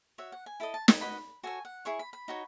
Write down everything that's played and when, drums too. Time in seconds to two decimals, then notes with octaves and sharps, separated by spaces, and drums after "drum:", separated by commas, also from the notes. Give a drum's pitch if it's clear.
0.18 F#4 C#5 E5
0.32 F#5
0.46 G#5
0.60 E4 A4 D#5 B5
0.74 A5
0.88 B5, drum: snare
1.01 F#4 B4 D#5 B5
1.43 F#4 A4 C#5 G#5
1.65 F#5
1.85 E4 G#4 C#5 C#6
1.99 B5
2.13 B5
2.28 D#4 F#4 C#5